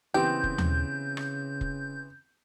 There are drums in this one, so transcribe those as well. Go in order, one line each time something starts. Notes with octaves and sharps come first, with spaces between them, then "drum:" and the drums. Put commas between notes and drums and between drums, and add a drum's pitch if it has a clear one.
C#3 E3 B3 C4 G4 G6
drum: kick F1
drum: tom D#2
drum: rim click
drum: kick F1